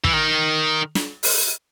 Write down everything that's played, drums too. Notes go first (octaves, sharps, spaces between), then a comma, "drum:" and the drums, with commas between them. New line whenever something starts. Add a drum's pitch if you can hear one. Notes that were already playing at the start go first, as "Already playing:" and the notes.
E3, drum: kick
D#3
drum: snare
drum: open hi-hat